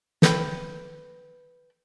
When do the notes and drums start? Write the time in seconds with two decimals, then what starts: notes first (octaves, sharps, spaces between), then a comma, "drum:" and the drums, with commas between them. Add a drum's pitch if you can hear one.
0.22 A4 B4 G5, drum: snare